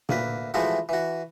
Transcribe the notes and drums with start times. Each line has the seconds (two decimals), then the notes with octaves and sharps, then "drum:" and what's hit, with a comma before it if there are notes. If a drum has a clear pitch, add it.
0.09 D2 A#3 B4, drum: tom A#2
0.54 E3 F3 G#3 A3 E4 F#4
0.89 E3 F#4